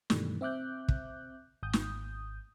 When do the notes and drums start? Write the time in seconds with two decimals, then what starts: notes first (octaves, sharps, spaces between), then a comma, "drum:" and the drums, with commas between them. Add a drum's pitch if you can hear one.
0.10 G2 B2 D#3 E3 G3 A3, drum: snare
0.41 C4 E5 D6 F#6 G6
0.89 drum: kick
1.63 G#1 D#6 G6
1.73 drum: snare